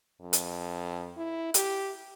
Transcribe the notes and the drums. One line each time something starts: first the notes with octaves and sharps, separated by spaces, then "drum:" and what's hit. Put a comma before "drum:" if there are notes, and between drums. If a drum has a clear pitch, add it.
F2
drum: hi-hat
E4
G4, drum: hi-hat